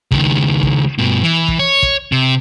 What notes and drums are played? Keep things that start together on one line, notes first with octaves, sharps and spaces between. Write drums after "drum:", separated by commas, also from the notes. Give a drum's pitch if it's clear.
C#2 D#3, drum: kick
drum: kick
G2 B2
E3
drum: kick
C#5
drum: kick
C3